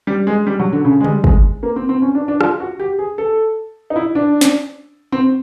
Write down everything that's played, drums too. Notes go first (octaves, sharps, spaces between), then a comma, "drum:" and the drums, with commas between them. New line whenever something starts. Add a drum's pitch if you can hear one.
G3
G#3
G3
F#3
D3
C#3
G#3
G3, drum: tom C#3
G#3, drum: kick
A#3
C4
C4
C#4
D4
D4
F4, drum: rim click
F#4
G4
G#4
A4
D#4
E4
D4
drum: snare
C4